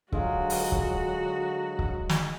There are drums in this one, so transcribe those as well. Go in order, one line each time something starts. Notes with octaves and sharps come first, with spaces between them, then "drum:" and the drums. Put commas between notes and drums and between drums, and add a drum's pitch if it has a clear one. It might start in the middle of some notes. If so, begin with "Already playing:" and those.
D3 F#3 G#3 F4 F#4, drum: kick C#1
drum: open hi-hat
drum: kick C#1
drum: kick C#1
drum: snare